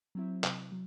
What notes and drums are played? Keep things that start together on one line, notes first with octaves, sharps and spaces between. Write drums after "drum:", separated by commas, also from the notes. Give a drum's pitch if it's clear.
F#3 C4 E4
C3, drum: clap
F#3